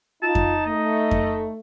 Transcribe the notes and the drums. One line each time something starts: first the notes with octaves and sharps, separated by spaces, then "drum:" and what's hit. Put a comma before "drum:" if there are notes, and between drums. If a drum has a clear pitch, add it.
D#4 F4 A5
drum: kick F2
A3 D#5
drum: kick F2